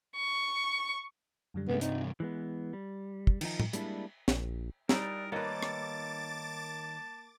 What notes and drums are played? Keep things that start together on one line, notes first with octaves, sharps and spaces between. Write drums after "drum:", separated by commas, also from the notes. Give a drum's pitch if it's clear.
C#6
F#2 D3 G3
C2 G2 G#3 A3 B3 C#4
C4 D#4, drum: hi-hat
E3 G#3 B3
G3
drum: kick
D#3 F3 D#4, drum: cymbal
drum: tom
G3 G#3 A#3 D4 E4, drum: hi-hat
A#1, drum: snare
G3 D#4 E4 A#4 D5, drum: snare
D#3 A#3 B4 C#5 D#5 A5 D6 A6
drum: rim click